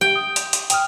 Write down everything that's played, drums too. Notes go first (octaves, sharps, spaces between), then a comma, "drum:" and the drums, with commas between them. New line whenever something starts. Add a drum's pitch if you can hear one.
G4 G5
D#6 G6
drum: hi-hat
drum: hi-hat
G5 D#6 F6, drum: hi-hat